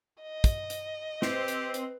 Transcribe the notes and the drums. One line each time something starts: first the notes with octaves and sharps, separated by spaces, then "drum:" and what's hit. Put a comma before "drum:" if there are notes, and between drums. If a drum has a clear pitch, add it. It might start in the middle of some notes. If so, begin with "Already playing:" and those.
D#5
drum: kick, hi-hat
drum: hi-hat
C4 G4 B4, drum: snare
drum: hi-hat
drum: hi-hat